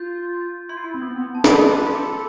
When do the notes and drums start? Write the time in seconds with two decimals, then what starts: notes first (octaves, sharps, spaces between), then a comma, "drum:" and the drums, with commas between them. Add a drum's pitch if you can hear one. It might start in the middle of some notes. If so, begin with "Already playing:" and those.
Already playing: F4 G6
0.69 E4 C6
0.77 F4
0.84 E4
0.94 C4
1.02 B3
1.10 C4
1.19 B3
1.35 A5
1.44 G4 B5, drum: snare
1.60 C6
1.69 B4 D6
1.79 F4
1.86 G4
1.90 C6
1.95 A4 D6